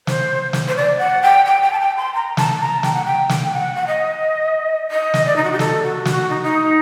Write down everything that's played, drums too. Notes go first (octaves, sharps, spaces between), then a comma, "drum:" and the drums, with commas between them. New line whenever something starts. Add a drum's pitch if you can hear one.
C5, drum: snare
drum: snare
C5
D5
F#5
G5
G5
G5
A5
G5
C6
A#5
A5, drum: snare
A#5
G5, drum: snare
F#5
G5
drum: snare
F#5
F#5
D#5
D#5
drum: snare
D5
D#4
F#4
G4
A4, drum: snare
F#4
F#4, drum: snare
D#4
D#4